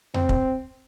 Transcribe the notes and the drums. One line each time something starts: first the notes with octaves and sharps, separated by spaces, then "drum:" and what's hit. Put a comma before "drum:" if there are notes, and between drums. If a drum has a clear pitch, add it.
C4, drum: tom E2
drum: kick